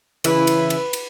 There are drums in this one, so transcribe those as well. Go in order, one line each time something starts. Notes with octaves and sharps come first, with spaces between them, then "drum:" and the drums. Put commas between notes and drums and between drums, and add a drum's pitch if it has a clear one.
C#3 E3 E4 B4, drum: cymbal
drum: cymbal
drum: cymbal
drum: cymbal